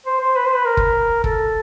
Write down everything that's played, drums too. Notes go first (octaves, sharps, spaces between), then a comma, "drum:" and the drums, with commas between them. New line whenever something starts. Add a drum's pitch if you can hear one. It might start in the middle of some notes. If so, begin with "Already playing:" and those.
C5
C5
B4
C5
B4
A#4
drum: kick
A4, drum: kick